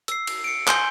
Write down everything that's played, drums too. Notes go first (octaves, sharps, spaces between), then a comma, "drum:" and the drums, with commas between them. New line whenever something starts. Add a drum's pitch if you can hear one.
E6 C7, drum: hi-hat
drum: cymbal
C#7 D7
G#5 C6 G6 G7, drum: clap